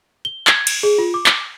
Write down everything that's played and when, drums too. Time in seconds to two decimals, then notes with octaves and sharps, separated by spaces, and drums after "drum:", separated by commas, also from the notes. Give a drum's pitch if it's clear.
0.25 G7
0.47 G#6, drum: clap
0.67 drum: cymbal
0.83 G#4
0.98 F4
1.14 D6
1.26 drum: clap